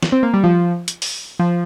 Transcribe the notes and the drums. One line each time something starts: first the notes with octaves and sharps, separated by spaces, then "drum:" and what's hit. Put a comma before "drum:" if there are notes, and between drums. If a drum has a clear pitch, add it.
drum: snare
C4
A#3
G3
F3
drum: hi-hat
drum: open hi-hat
F3